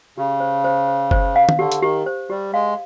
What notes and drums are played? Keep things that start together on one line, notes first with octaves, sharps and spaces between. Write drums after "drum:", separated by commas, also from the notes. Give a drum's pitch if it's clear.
C#3 G4
C5
C5
C5
C5, drum: kick F#1
F5
drum: tom
D3 G4
drum: hi-hat
D#3 G4
C5
G3 G4
G#3 F5